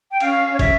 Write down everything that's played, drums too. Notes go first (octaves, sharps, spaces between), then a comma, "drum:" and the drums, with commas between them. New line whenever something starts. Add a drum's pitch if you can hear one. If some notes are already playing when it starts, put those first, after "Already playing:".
G5
C#4 F5, drum: cymbal
C#4
C#5
E5, drum: kick, cymbal